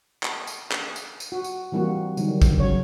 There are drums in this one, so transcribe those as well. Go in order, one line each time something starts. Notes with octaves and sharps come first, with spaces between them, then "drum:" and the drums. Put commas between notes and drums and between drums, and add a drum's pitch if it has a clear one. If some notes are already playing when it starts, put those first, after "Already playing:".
drum: clap
drum: tambourine
drum: clap
drum: tambourine
drum: tambourine
F#4
drum: tambourine
E3 G3 A#3 C4 F#4
D3 D#3 F#3 G3, drum: tambourine
drum: kick, tambourine
C#3 F#3 C#5